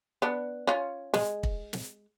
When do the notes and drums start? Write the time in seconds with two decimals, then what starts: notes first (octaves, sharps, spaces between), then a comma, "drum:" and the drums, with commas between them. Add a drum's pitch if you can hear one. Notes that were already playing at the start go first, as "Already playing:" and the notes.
0.22 B3 D4
0.67 C#4 F4
1.14 G#3, drum: snare
1.43 drum: kick
1.73 drum: snare